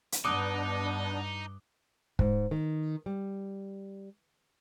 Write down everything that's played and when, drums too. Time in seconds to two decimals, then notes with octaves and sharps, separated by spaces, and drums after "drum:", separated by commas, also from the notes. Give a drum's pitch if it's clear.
0.12 drum: hi-hat
0.25 G2 B3 D4 D#4 D6 D#6 F#6
2.19 G#2, drum: kick
2.51 D#3
3.06 G3